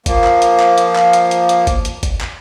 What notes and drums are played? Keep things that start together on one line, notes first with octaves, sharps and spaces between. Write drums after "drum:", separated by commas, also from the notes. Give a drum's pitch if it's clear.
F3 A#3, drum: kick G1, hi-hat
drum: clap
drum: hi-hat
drum: clap
drum: hi-hat
drum: clap
drum: hi-hat
drum: hi-hat
drum: hi-hat
drum: kick G1, hi-hat
drum: hi-hat
drum: kick G1, hi-hat
drum: clap